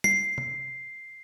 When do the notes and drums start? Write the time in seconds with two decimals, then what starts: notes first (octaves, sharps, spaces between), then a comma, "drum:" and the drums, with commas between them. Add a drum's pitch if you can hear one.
0.04 C7, drum: tom
0.38 drum: tom